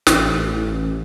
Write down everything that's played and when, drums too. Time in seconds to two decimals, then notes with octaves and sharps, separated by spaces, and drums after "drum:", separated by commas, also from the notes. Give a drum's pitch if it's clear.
0.07 A1, drum: snare